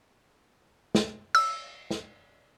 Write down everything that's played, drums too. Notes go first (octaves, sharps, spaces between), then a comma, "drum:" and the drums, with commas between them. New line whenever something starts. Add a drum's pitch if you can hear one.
drum: snare
E6, drum: cymbal
drum: snare